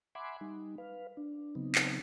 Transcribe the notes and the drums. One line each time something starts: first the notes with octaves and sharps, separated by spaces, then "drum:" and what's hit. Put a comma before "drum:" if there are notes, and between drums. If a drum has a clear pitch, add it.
E5 F#5 G#5 B5 C6 D6
G3 D#4
B4 F5
D4
C#3 F#3 B3 C4 D#4
drum: clap